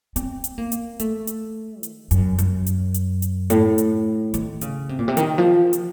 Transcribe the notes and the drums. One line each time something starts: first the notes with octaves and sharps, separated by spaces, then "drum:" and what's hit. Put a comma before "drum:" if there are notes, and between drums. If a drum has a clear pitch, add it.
C4, drum: hi-hat
drum: hi-hat
A#3
drum: hi-hat
A3, drum: hi-hat
drum: hi-hat
D#3, drum: hi-hat
F#2, drum: hi-hat
F#2, drum: hi-hat
drum: hi-hat
drum: hi-hat
drum: hi-hat
A2, drum: hi-hat
drum: hi-hat
D#3, drum: hi-hat
C#3, drum: hi-hat
C3
A#2
C3
D#3, drum: hi-hat
F3
drum: hi-hat